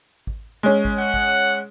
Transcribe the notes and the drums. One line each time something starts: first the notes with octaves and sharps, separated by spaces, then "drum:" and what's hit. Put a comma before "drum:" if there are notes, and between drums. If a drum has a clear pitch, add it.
drum: kick G#1
G#3 C#4
drum: kick G#1
F#5
drum: kick G#1